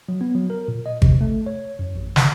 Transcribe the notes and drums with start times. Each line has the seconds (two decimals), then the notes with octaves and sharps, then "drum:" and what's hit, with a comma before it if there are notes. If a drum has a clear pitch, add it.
0.09 F#3
0.21 B3
0.35 F#3
0.50 A#4
0.68 A#2
0.86 D#5
1.02 C3, drum: kick G#1
1.21 A3
1.46 C#5
1.79 F#2
1.96 A1
2.16 G1, drum: snare